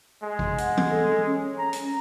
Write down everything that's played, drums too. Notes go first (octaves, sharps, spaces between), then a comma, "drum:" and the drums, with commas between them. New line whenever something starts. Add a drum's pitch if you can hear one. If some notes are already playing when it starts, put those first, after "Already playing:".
G#3
drum: kick
F#5, drum: hi-hat
drum: tom E3
A4
C#4
A#5
drum: hi-hat